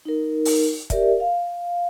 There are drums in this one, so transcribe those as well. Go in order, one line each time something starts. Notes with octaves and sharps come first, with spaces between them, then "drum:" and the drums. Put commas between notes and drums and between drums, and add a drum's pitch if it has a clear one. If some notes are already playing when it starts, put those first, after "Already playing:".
D#4 A#4
drum: open hi-hat
G4 A#4 D5 E5, drum: kick, hi-hat
F5